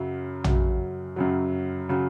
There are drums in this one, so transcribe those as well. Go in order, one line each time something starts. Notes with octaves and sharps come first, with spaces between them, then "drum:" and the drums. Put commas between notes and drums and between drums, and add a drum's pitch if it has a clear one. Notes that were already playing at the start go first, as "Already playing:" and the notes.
Already playing: F#2 C#3 F#3
F#2 C#3 F#3, drum: tom
F#2 C#3 F#3
C#3 F#3